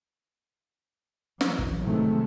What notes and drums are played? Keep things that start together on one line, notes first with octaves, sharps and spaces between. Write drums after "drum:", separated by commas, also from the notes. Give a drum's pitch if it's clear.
E3 F#3, drum: snare
drum: kick
A2 C3 D#3 F#3 G#3 A3